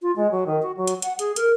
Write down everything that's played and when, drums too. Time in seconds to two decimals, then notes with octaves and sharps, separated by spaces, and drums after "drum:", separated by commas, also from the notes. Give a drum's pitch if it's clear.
0.02 F4
0.16 G#3
0.31 F#3
0.47 D#3
0.62 F#4
0.77 F#3
0.87 drum: hi-hat
1.02 F#5, drum: hi-hat
1.19 G#4, drum: hi-hat
1.36 A#4, drum: hi-hat